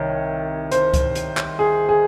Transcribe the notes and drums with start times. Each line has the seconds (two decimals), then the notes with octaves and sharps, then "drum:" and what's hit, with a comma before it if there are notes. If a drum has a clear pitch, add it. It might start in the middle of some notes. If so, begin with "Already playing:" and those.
Already playing: C2 D#3 C#5
0.72 C5, drum: hi-hat
0.94 drum: kick C#2, hi-hat
1.15 drum: hi-hat
1.37 drum: clap
1.59 G#4
1.89 G#4